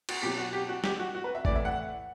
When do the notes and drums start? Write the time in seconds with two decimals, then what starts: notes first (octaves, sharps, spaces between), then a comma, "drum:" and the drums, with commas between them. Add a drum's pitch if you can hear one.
0.09 F#4, drum: cymbal
0.22 B2 F#3 G4
0.38 F#4
0.53 G4
0.69 F#4
0.84 G4, drum: snare
0.99 F#4
1.15 F#4
1.24 B4
1.35 E5
1.45 A2 E3 D5, drum: kick
1.55 E5
1.65 F#5